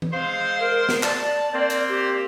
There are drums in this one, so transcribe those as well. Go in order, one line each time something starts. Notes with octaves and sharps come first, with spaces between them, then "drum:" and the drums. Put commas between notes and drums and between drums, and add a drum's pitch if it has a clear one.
drum: tom E3
G#3 C4 C5 F5
A#4
drum: snare
D5 A5, drum: clap
A#3 C4
drum: hi-hat
G4